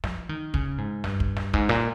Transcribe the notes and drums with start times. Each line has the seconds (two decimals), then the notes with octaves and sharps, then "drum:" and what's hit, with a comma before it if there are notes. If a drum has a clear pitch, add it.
0.04 F3, drum: snare
0.29 D#3
0.54 C#3, drum: kick
0.78 G#2
1.04 G2, drum: snare
1.20 drum: kick
1.37 drum: snare
1.54 G#2, drum: kick
1.69 A#2, drum: snare